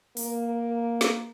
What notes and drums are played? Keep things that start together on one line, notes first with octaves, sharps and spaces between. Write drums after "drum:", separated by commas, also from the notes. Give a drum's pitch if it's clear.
A#3, drum: open hi-hat
drum: snare